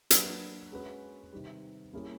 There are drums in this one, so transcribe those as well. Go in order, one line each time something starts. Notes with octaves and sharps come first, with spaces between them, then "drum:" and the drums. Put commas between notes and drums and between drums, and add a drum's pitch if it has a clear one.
F#3 A#3 D4 F#4 B4, drum: hi-hat
G#3 C#4 F#4 B4
C3 D#3 G3
G3 A#3 C#4 E4 G#4